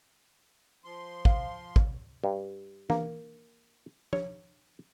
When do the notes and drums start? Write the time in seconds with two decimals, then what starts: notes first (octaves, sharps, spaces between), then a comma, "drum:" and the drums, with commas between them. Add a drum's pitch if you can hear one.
0.84 F3 C6
1.25 F5, drum: kick
1.76 drum: kick
2.24 G2
2.90 A#3, drum: tom E3
4.13 C#5, drum: tom F3